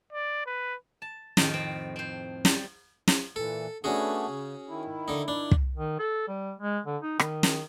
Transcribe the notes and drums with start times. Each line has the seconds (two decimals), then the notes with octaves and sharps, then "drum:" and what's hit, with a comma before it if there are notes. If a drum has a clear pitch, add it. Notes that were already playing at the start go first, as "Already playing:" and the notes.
0.13 D5
0.46 B4
1.02 A5
1.37 F2 A2 D#3 F3, drum: snare
1.54 C4
1.96 C4 C5
2.45 G3, drum: snare
3.08 drum: snare
3.36 A#2 E3 A4
3.84 A3 B3 C#4 D4 F#4 G#4
4.27 C#3
4.69 D#3 E4
5.08 D3 D#4
5.28 D4
5.51 drum: kick
5.76 D#3
5.99 A4
6.28 G3
6.60 G#3
6.86 D3
7.02 D#4
7.19 D#3, drum: rim click
7.43 drum: snare